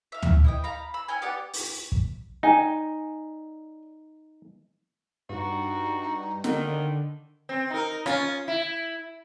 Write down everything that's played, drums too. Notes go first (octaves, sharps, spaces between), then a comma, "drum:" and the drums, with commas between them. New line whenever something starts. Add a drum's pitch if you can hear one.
E5 F5
drum: tom D2
E4 D#5 G5
F5 A#5 B5
B5 E6
C#4 G5 G#5
B3 G4 D5 F#5
drum: open hi-hat
drum: kick
D#4 D5 G#5
G2 D#4 F#4
D3 D#3, drum: snare
C4
D#4 A#4
C#4 F4, drum: rim click
E4